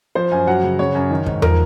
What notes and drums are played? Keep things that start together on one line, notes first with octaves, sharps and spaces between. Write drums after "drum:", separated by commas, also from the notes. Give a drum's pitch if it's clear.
F3 C5
F#2 G#5
F#3 F#5
C#3
C#3 C#5
F#2
D#3
G#2, drum: kick
F3 A#4, drum: tom E2